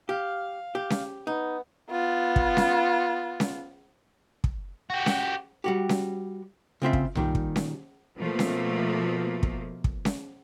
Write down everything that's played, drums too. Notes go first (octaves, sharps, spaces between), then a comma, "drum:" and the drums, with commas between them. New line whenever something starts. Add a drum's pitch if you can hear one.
G4 F5
G4
drum: snare C#4
B3 D#4
B3 F4
drum: kick
drum: snare C#4
drum: snare C#4
drum: kick
F#4 G4
drum: snare C#4
G3 F#4 G4
drum: snare C#4
C#3 C4 F4 E5
drum: kick
A#2 D#3 G3, drum: tom B1
drum: kick
drum: snare C#4
B2 F3 A3 A#3
drum: snare C#4
drum: kick
drum: kick
drum: snare C#4